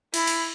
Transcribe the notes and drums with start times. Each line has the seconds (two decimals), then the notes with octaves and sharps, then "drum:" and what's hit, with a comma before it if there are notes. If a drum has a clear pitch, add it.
0.14 E4, drum: cymbal
0.27 drum: cymbal